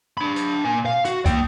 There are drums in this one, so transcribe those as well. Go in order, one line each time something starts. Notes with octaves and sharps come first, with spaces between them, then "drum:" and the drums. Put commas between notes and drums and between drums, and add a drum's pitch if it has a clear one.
D4 B5
drum: hi-hat
A#2 G#5
F5
F#4, drum: hi-hat
A#3 G5, drum: kick, hi-hat